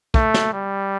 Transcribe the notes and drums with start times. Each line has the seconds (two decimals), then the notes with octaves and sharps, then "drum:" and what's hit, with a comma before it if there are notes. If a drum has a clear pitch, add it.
0.14 A3, drum: kick
0.34 drum: snare
0.53 G3